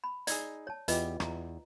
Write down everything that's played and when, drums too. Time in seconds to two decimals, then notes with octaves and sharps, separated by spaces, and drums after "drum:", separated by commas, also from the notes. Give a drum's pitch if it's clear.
0.04 B5
0.27 D#4 G#4 D5 E6, drum: hi-hat
0.67 C#5 A5
0.88 E2 F4 G4 B4 D#5, drum: hi-hat
1.20 E2 A#5, drum: rim click